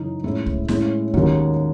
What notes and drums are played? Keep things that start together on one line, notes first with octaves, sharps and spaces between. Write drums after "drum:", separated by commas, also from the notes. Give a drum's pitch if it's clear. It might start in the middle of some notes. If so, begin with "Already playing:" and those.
Already playing: F#2 C#3 E3 D#4
A2 G#3 C#4 E4
drum: kick C2
A2 G#3 C#4, drum: snare
D#2 D#3 G#3 C#4 D#4 F#4, drum: kick C2